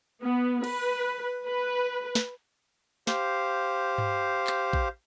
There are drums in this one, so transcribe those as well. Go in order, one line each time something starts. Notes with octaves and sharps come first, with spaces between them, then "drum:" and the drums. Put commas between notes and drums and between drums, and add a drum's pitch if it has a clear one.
B3
B4, drum: cymbal
B4
drum: snare
G4 C5 F5, drum: snare
drum: tom G2
drum: clap
drum: kick